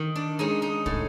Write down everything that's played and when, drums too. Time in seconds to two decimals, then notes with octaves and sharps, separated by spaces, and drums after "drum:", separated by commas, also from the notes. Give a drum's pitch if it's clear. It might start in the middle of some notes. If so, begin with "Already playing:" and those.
Already playing: D#3
0.16 D4
0.39 G#3 C#4 D#4
0.62 D#4
0.86 A2, drum: kick